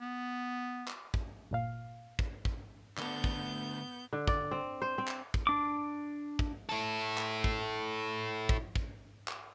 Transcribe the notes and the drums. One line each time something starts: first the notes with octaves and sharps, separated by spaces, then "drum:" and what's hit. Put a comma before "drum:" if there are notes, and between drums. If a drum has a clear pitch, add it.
B3
drum: clap
drum: kick
G1 A#2 F5
drum: kick
drum: kick
D3 A3 B3 A4 G6, drum: clap
drum: kick
D3
D5, drum: kick
C4
C5
C4
drum: clap
drum: kick
D4 D6
drum: kick
E4 A4
drum: clap
drum: kick
drum: kick
drum: kick
drum: clap